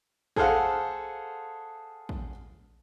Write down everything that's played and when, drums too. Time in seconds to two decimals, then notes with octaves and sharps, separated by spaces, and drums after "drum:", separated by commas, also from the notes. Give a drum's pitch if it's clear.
0.36 G#4 A4 C5 F5 F#5, drum: kick
2.09 drum: kick